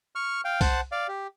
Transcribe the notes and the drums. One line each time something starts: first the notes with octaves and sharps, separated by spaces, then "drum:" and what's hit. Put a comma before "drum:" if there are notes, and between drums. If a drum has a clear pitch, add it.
C#6 F6
F5 G5
C5 F#5 A5, drum: kick C2, open hi-hat
D5 F5
G4